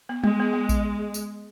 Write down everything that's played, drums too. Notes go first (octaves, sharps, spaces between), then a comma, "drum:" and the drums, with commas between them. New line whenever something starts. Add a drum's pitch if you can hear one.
B3
G#3 B3, drum: tom G3
B3
B3
drum: kick A#1, tambourine
drum: tambourine